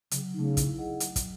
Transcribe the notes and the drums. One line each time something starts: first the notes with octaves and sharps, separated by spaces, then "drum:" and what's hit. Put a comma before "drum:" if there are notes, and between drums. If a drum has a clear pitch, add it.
C#3 F#3, drum: hi-hat
C#3 A3 D#4
E4, drum: kick, hi-hat
G#4 D#5 F#5
F#3, drum: hi-hat
drum: kick, hi-hat